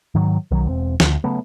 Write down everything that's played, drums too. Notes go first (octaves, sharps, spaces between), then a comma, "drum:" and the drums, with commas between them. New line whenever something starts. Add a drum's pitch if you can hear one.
G#2 D#3 F#3
B1 D#3 F#3
E1 C4
D2, drum: snare
C#3 F#3 A3 B3